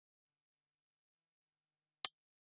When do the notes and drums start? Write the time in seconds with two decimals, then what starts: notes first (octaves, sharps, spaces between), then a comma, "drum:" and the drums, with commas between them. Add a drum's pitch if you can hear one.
0.22 D3
0.53 D3
1.12 E3
1.42 D#3
2.05 drum: hi-hat